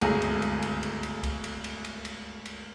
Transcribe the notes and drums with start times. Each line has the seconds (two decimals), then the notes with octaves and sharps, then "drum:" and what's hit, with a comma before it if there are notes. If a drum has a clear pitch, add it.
0.01 D1 G1 C#2 G#4 A#5, drum: cymbal
0.22 drum: cymbal
0.42 drum: cymbal
0.62 drum: cymbal
0.83 drum: cymbal
1.03 drum: cymbal
1.23 drum: kick C#2, cymbal
1.44 drum: cymbal
1.64 drum: cymbal
1.84 drum: cymbal
2.05 drum: cymbal
2.45 drum: cymbal